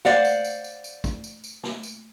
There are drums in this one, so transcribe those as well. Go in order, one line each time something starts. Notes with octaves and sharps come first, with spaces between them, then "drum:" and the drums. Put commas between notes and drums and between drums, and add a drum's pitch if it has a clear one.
C5 D5 F5 F#5, drum: snare
drum: tambourine
drum: tambourine
drum: tambourine
drum: tambourine
drum: kick, tambourine
drum: tambourine
drum: tambourine
drum: snare
drum: tambourine